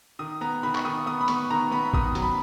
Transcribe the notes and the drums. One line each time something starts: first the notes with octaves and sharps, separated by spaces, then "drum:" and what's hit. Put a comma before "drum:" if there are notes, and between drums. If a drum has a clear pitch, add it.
D#3 D#6
B3 A#5
D#3 B5
C#6, drum: clap
D#3 D#6
B3 D#6
B5
B3 C#6, drum: hi-hat
D#3 A#5
B3 B5
D#3 D#6, drum: kick
F#3, drum: hi-hat
B5